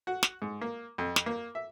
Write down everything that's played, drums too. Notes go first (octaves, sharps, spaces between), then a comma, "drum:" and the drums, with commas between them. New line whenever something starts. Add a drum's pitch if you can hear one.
F#4
drum: snare
G#2
A#3
F2
drum: snare
A#3
E5